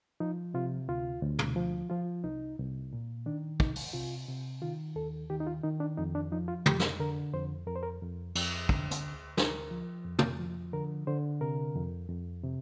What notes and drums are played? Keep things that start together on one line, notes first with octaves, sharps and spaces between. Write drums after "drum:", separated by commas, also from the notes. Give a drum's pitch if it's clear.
F3 D#4
C3 F4
D2 F4
D2
drum: tom
F3
F3 F4
C2 D#4
C2
A#2
D#3 D4
C2 D#4, drum: kick
drum: open hi-hat
C3 F4
C3
D#3 F4
D#2 A4
D#3 G4
D#4
F4
D#3 D#4
D4
F2 D#4
D4
F3 D#4
F4
F2 G4, drum: tom
drum: snare
D3 A#4
F2 C5
F2 A#4
C5
A#4
F2
F2, drum: cymbal
D3, drum: kick
drum: hi-hat
D2
D2 A#4, drum: snare
F3
F2
drum: tom
F3
D3 A#4
D3 C5
C3 A#4
F2
F2
C3